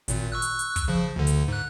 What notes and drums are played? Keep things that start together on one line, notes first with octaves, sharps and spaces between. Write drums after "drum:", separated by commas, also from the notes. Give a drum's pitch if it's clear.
G#1 A#2, drum: hi-hat
C#6 E6 F#6
drum: hi-hat
drum: hi-hat
drum: kick, hi-hat
C#3 F3
D2 D3
drum: hi-hat
G#2 F#6